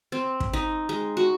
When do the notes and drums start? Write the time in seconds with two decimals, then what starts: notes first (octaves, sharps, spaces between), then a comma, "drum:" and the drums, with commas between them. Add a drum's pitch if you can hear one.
0.12 C4
0.40 drum: kick
0.53 D#4
0.89 G#3
1.17 F#4